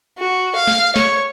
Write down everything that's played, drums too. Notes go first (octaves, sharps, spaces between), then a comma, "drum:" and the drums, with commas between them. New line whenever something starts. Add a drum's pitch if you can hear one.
F#4
F5
drum: snare
C#5, drum: snare